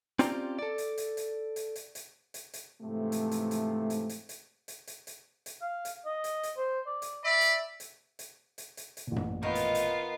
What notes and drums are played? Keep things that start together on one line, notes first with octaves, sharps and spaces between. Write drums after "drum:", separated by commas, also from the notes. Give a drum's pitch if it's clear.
C4 C#4 F4 G4 D5 A#5, drum: hi-hat
A4 D5
drum: hi-hat
drum: hi-hat
drum: hi-hat
drum: hi-hat
drum: hi-hat
drum: hi-hat
drum: hi-hat
drum: hi-hat
G#2 C3 E3 F3 A3
drum: hi-hat
drum: hi-hat
drum: hi-hat
drum: hi-hat
drum: hi-hat
drum: hi-hat
drum: hi-hat
drum: hi-hat
drum: hi-hat
drum: hi-hat
F5
drum: hi-hat
D#5
drum: hi-hat
drum: hi-hat
C5
D5
drum: hi-hat
D5 E5 B5
drum: hi-hat
drum: hi-hat
drum: hi-hat
drum: hi-hat
drum: hi-hat
drum: hi-hat
A1 A#2
drum: tom F#2
D#3 B3 D#4 F4 A#4
drum: hi-hat
drum: hi-hat